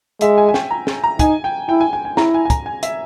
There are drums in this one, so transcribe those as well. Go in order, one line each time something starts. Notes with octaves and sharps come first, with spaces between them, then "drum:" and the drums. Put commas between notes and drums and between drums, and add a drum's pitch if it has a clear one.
G#3 E5, drum: hi-hat
G#5
G#5
G5, drum: snare
A#5
drum: snare
A#5
D#4 G#5, drum: kick, hi-hat
G5
E4 G5
G#5
G#5
G#5
E4 A#5, drum: snare
G#5
G#5
A#5, drum: kick, hi-hat
G#5
E5, drum: hi-hat